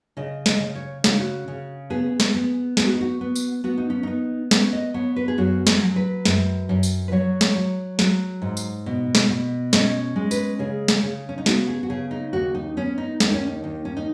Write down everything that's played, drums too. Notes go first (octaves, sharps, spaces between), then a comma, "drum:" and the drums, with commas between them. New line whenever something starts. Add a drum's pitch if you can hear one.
C#3 D#5
D#5, drum: snare
C#3
C#5
C#3 F#4, drum: snare
D#4
F#4
C#3
B3 G#4
drum: snare
B3
B3 G#4, drum: snare
F#4
D#4
F#4
B3
drum: tambourine
B3 F#4
D#4
C#4
B3 D#4
B3 C#4, drum: snare
D#5
B3 C#5
B4
G#4
F#2 F#4
G#4, drum: snare
F#3
B4
F#2, drum: snare
F#2
drum: tambourine
B4
F#3 C#5
drum: snare
F#3
F#3, drum: snare
G#2
drum: tambourine
B2
drum: snare
B2
C#4 D#5, drum: snare
G#3
B4, drum: tambourine
C#3 G#4
drum: snare
C#3
C#4
D#4
B3 F#4, drum: snare
G#4
F#4
C#3 G#4
D#4
D#2 F#4
D#4
B3 C#4
D#4
D#2 D#4, drum: snare
C#4
D#4
D#2
C#4
D#4